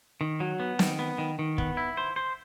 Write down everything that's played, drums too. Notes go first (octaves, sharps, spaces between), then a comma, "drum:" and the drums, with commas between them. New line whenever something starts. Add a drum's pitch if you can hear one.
D#3
F#3
B3
D#3, drum: snare
B3
D#3
D#3
B3, drum: kick
E4
C5
C5